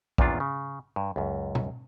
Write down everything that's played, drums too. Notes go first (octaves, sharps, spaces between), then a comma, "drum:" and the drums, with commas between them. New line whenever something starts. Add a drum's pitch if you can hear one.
E2 A#2 D#3 C#4 D4 F4, drum: kick
C#3
G2
C#2 F#2
drum: tom B2